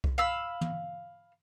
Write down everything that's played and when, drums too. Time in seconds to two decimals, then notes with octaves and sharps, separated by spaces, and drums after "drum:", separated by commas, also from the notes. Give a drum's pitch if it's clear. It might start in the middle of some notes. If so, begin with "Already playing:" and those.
0.04 drum: kick C2
0.18 F5 B5 E6
0.61 drum: tom